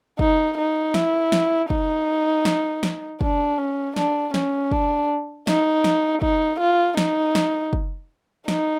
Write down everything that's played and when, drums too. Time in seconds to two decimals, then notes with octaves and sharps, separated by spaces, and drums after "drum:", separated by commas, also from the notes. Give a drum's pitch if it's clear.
0.19 D#4, drum: kick
0.57 D#4
0.94 E4, drum: snare
1.32 drum: snare
1.70 D#4, drum: kick
2.45 drum: snare
2.83 drum: snare
3.21 D4, drum: kick
3.58 C#4
3.96 D4, drum: snare
4.34 C#4, drum: snare
4.71 D4, drum: kick
5.47 D#4, drum: snare
5.84 drum: snare
6.22 D#4, drum: kick
6.60 F4
6.97 D#4, drum: snare
7.35 drum: snare
7.73 drum: kick
8.48 D#4, drum: snare